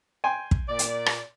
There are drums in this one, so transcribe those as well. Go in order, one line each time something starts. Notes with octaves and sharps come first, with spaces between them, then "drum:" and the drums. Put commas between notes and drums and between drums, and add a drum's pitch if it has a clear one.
G5 G#5 C6
drum: kick
A#2 D5
drum: hi-hat
drum: rim click